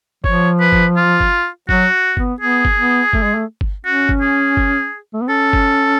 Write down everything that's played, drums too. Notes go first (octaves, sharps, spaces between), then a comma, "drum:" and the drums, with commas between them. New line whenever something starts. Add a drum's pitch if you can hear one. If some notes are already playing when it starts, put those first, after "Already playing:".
F3 C#5, drum: kick G1
B4
drum: kick G1
F4
drum: kick G1
F#3 F#4, drum: kick G1
B3, drum: kick G1
B3 G#4
drum: kick G1
B3
A3, drum: kick G1
G#3
A3
drum: kick G1
C#4 F#4
drum: kick G1
G#4
drum: kick G1
A3
B3
C#4 A4
drum: kick G1